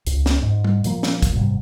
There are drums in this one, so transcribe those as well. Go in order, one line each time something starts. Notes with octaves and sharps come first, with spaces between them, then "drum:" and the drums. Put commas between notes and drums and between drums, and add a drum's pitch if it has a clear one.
C#2, drum: hi-hat
drum: snare
G#2
drum: tom G3
A#2 F3 A#3, drum: hi-hat
drum: snare
drum: kick, hi-hat
F#1 G#2 C3 G3